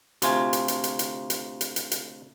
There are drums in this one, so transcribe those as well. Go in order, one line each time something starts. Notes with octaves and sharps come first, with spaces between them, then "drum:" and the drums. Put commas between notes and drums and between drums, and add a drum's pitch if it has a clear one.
D2 C3 F4 G#5, drum: hi-hat
drum: hi-hat
drum: hi-hat
drum: hi-hat
drum: hi-hat
drum: hi-hat
drum: hi-hat
drum: hi-hat
drum: hi-hat